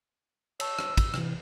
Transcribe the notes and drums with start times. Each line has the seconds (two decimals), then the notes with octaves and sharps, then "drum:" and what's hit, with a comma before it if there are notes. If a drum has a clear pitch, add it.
0.60 C#5 A5 C#6 E6, drum: cymbal
0.79 drum: rim click
0.97 drum: kick, cymbal
1.14 C3 E3, drum: rim click